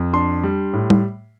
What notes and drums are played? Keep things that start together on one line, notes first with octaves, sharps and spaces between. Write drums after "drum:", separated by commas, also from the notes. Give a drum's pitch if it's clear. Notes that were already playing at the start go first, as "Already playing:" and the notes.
Already playing: F2
D4 C6
G3
A2
drum: tom G3